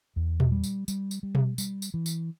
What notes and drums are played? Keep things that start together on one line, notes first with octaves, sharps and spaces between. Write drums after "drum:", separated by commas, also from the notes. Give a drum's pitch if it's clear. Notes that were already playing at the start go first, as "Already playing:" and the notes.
E2
drum: tom A#2
G3
drum: tambourine
G3, drum: tambourine
drum: tambourine
G3
drum: tom B2
G3, drum: tambourine
drum: tambourine
E3
drum: tambourine